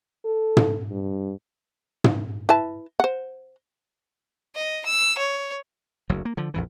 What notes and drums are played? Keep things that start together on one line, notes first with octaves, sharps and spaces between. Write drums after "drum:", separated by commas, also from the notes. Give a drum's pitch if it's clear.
A4
drum: tom
G2
drum: tom
E4 B4 A5
C5 F#5
D#5
E6
C#5
F#1 D2 F#3
A#3
D3 F3
A#1 F2 E3